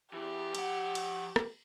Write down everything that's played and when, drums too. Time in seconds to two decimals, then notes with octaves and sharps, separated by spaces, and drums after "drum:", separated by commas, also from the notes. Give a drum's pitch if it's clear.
0.13 E2 E3 G4
0.55 F3 F#5, drum: cymbal
0.95 drum: cymbal
1.36 drum: rim click